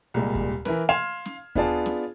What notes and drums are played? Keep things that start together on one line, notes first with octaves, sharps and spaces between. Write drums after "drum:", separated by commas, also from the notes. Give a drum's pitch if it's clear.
C2 A#2 G3 G#3
drum: kick D#2
E3 E4 A#4 B4, drum: snare C#4
F5 C6 F6 G#6 E7
drum: snare C#4
B3 D4 F4 G#4 D5 A5, drum: kick D#2
drum: snare C#4